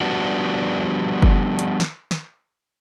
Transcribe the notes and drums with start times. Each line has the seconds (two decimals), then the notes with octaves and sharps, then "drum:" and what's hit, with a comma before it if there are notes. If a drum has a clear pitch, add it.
0.01 F3 G3 B3 D4 F#4
1.22 drum: kick F#1
1.59 drum: hi-hat
1.80 drum: snare
2.11 drum: snare